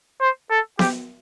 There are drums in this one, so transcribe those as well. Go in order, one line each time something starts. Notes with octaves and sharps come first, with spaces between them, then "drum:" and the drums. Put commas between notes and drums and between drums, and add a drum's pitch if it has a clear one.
C5
A4
G4, drum: snare B3